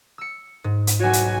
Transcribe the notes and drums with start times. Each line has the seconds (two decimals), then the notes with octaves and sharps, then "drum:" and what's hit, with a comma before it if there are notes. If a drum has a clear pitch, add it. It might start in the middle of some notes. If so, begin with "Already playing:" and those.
0.18 E6 C#7
0.64 G#2
0.87 drum: hi-hat
1.00 B1 F#4 C#5 G#5
1.13 drum: hi-hat